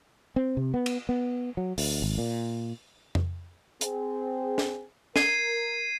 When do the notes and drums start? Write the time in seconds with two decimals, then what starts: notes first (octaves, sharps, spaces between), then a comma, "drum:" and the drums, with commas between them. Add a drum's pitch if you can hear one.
0.36 C4
0.57 C3
0.74 B3
0.86 drum: cymbal
1.09 B3
1.57 F#3
1.78 D2, drum: open hi-hat
2.02 G#1
2.18 A#2
3.15 drum: tom F2
3.81 C4 G#4, drum: hi-hat
4.58 drum: snare
5.16 A#4 G#6 C7 D#7, drum: snare